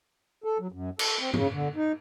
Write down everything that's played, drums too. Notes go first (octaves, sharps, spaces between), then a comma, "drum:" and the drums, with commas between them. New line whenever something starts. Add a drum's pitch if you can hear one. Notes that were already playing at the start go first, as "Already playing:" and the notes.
A4
F#3
F#2
A4, drum: cymbal
C4
C#3, drum: tom
D3
D#4